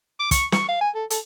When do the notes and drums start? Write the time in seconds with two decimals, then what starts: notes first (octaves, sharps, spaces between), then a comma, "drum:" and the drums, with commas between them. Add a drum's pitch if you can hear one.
0.20 D6
0.31 C#6, drum: kick, hi-hat
0.52 C#6, drum: snare
0.68 F5
0.81 G#5
0.95 A4
1.10 A4, drum: hi-hat